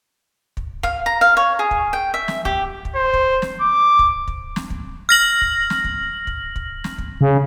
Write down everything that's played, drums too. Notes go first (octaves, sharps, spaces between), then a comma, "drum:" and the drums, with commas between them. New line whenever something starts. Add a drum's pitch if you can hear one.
drum: kick
F5, drum: kick
A#5
F5
C#5
G#4
drum: kick
G5
E5
drum: snare
G4, drum: kick
drum: kick
C5
drum: kick
drum: snare
D6
drum: kick
drum: kick
drum: snare
drum: kick
F6 A#6 F#7
drum: kick
drum: snare
drum: kick
drum: kick
drum: kick
drum: snare
drum: kick
C#3